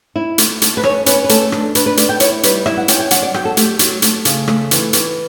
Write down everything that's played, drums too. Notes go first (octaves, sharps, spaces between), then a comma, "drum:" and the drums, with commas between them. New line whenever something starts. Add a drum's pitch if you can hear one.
E4
A3, drum: hi-hat
A3, drum: hi-hat
B4
C#4 C#5, drum: rim click
C#4 B4, drum: hi-hat
B4
A3 A4, drum: hi-hat
D4, drum: rim click
D4 B4, drum: hi-hat
B4
A3 D5, drum: hi-hat
G5
E4 C#5, drum: hi-hat
G3 B4, drum: hi-hat
E4 E5, drum: rim click
F#5
C#4 G5, drum: hi-hat
G5
F#3 F#5, drum: hi-hat
D5
F#3 G5, drum: rim click
A4
A3 G4, drum: hi-hat
F#3, drum: hi-hat
A3, drum: hi-hat
C#3, drum: hi-hat
A3, drum: rim click
E3, drum: hi-hat
E3, drum: hi-hat